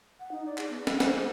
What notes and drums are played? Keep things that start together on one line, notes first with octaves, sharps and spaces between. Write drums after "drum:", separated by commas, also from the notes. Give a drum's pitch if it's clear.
F#5
D#4
D5
G#4, drum: clap
B3
F#5, drum: snare
C5, drum: snare
G#4